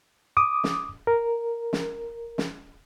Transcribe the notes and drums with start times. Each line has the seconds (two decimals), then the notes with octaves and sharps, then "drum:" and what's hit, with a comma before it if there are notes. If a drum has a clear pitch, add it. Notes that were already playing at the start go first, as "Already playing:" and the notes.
0.37 D6 D#6
0.64 drum: snare
1.07 A#4
1.73 drum: snare
2.38 drum: snare